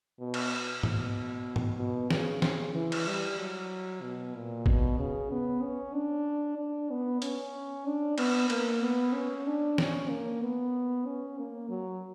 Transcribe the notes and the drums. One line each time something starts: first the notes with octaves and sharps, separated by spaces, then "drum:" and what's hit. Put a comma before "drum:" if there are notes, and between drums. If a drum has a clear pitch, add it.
B2
drum: cymbal
B2, drum: tom G#2
drum: tom G#2
B2
C#3, drum: snare
C#3, drum: snare
E3
drum: cymbal
G3
F#3
B2
A#2
B2, drum: kick
C#3
B3
C#4
D4
D4
B3
C#4, drum: hi-hat
D4
B3, drum: cymbal
A#3, drum: cymbal
B3
C#4
D4
C#4, drum: snare
A#3
B3
C#4
A#3
F#3